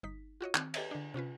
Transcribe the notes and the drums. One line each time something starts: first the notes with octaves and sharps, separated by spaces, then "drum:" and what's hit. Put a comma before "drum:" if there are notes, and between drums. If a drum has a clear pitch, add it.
G1 D#4 B6
F4 F#4 C#5 D#5
D#3 C4, drum: clap
G4 A4 B4 C#5 D#5 E5, drum: cymbal
D3 D4
C3 C#4 F4 B4